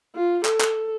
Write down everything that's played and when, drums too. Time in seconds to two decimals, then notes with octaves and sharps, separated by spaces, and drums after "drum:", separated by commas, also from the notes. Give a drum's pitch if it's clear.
0.15 F4
0.45 A4, drum: clap
0.61 drum: clap